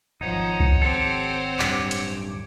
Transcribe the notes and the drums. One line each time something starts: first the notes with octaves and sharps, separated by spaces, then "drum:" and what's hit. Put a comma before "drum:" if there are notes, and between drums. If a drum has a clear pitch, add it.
D#1 G#1 F3 D#4 C5 C#5 F#5
drum: kick C2
C4 G4 A4
D1 G2 D6, drum: clap
drum: hi-hat